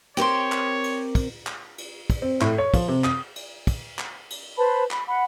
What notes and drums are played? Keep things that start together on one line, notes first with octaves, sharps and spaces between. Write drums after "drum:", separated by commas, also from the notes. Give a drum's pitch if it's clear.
C4 G4 A#4 C5 C#5 C6
drum: clap
drum: cymbal
drum: kick, cymbal
drum: clap
drum: cymbal
drum: kick, cymbal
C4
A2, drum: clap
C#5
F3, drum: kick, cymbal
C3
D#6, drum: clap
drum: cymbal
drum: kick, cymbal
drum: clap
drum: cymbal
B4 C5 A5 B5
B5, drum: clap
F#5 B5